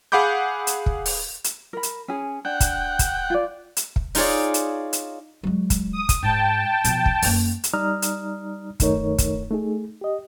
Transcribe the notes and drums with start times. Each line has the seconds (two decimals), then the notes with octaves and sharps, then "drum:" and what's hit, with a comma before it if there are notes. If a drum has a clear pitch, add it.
0.12 G#4 F5 F#5 B5 D6 G6
0.67 drum: hi-hat
0.86 drum: kick
1.06 drum: open hi-hat
1.44 drum: hi-hat
1.73 A#4 B5
1.83 drum: hi-hat
2.08 C#4 G#4
2.45 D4 F#5 G5
2.60 drum: kick, hi-hat
2.99 drum: kick, hi-hat
3.30 F4 D5
3.77 drum: hi-hat
3.96 drum: kick
4.15 D#4 F4 G#4 C#5 D5, drum: open hi-hat
4.54 drum: hi-hat
4.93 drum: hi-hat
5.43 F#3 G#3
5.70 drum: kick, hi-hat
5.93 D#6
6.09 drum: kick, hi-hat
6.22 G#2 G5 A5
6.84 B2 F3, drum: hi-hat
7.06 drum: kick
7.23 F#2 A#3, drum: open hi-hat
7.64 drum: hi-hat
7.74 G3 D#4 D5 A#5 D#6 F6
8.02 drum: hi-hat
8.80 F#2 D#3 A3 D#4 A#4 C#5, drum: kick, hi-hat
9.18 drum: kick, hi-hat
9.51 A3 D#4 G#4
10.01 G4 D#5